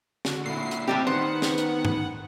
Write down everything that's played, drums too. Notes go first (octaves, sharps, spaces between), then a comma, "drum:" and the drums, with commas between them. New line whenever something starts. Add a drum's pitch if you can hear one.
D3 F#4, drum: snare
A#2 E4 C7
drum: hi-hat
A2 G3 C4 G4
D#3 B3 B4 C5 F#5
drum: snare
drum: hi-hat
drum: tom G2